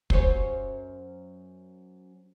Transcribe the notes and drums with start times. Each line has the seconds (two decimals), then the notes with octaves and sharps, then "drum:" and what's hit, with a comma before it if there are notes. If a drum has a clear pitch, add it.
0.10 F#2 C5 C#5, drum: kick